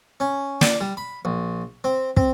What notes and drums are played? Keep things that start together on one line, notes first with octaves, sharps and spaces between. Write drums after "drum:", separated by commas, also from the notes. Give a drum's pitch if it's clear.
C#4
D5, drum: snare
G3
B5
A#1
C4
C4, drum: kick